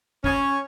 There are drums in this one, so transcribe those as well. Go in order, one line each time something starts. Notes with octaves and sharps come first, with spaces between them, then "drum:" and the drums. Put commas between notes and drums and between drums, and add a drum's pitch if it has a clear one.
C#4, drum: kick